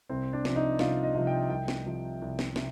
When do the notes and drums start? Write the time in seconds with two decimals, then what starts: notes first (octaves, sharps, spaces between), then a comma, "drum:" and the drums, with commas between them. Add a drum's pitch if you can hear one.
0.09 C2 C4
0.33 D4
0.45 C3 F3, drum: snare
0.56 D#4
0.79 C2 F4, drum: snare
1.03 D#5
1.15 C3 F3
1.27 G5
1.50 C2 G5
1.68 drum: snare
1.86 C3 F3
2.22 C2
2.39 drum: snare
2.56 C3, drum: snare